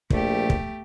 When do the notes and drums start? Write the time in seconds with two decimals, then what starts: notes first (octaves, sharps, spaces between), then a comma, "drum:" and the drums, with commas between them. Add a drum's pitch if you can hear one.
0.10 A#1 A3 G4, drum: kick
0.50 drum: kick